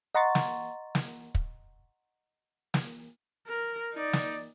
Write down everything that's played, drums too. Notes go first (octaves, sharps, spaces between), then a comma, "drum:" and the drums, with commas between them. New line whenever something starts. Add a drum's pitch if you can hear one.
D#5 F#5 A#5 C6 C#6 A6
drum: snare
drum: snare
drum: kick
drum: snare
A#4
D#4 D5
drum: snare